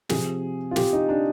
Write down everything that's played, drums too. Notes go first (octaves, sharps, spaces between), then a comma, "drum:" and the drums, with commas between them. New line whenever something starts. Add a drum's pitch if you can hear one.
C3 F3 G#4, drum: snare
F4
G4, drum: snare
D#4
D4